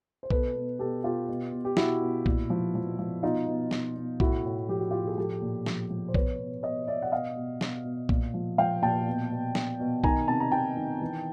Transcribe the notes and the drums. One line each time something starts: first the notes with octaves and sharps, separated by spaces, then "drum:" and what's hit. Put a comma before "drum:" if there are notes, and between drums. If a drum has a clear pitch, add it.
C5
B2 A4 B4, drum: kick B1
B2
B2 G4 A4
B2 F4 G4
B2
B2
G4
B2 E4 F#4, drum: snare
B2
A#2, drum: kick B1
F3
F3
F3
B2 D#4 F4
B2
B2, drum: snare
B2
A2 E4 F#4, drum: kick B1
A2
F3 G4
F#4
A2 F4 G4
G#4
F3 G4 A4
A#2
F3, drum: snare
F3
C5
B2 B4 C#5, drum: kick B1
B2
B2 C#5 D#5
B2 D5 E5
F#5
B2 D#5 F5
B2
B2, drum: snare
B2
A#2, drum: kick B1
F3
F3 F5 G5
A#2 G5 A5
B2
B2
B2, drum: snare
B2
D#3 G#5 A#5, drum: kick B1
C3 A5
A#5
D#3 G5 A5
D#3
E3